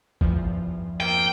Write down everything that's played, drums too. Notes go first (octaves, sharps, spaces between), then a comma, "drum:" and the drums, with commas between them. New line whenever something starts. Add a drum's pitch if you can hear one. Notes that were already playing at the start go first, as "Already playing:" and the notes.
E2 G2 F3, drum: kick
A#3 C4 F4 G5